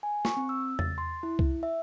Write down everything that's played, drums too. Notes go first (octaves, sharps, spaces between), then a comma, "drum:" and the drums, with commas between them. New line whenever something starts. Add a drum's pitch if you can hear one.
G#5
C#6, drum: snare
C4
E6
A6, drum: tom E2
C6
E4
drum: kick C2
E5